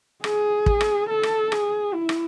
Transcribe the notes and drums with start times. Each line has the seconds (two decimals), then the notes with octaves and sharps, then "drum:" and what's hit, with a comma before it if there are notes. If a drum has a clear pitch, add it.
0.24 G#4, drum: rim click
0.66 drum: kick
0.81 drum: rim click
1.09 A4
1.23 drum: rim click
1.52 G#4, drum: rim click
1.94 E4
2.09 drum: rim click